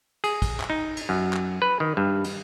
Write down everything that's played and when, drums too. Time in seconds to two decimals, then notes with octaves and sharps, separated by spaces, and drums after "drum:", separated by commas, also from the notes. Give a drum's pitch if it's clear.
0.24 G#4, drum: cymbal
0.42 drum: kick, cymbal
0.60 drum: clap
0.70 D#4
0.97 drum: cymbal
1.09 F#2
1.33 drum: clap
1.62 B4
1.80 D#3
1.97 G2
2.24 drum: cymbal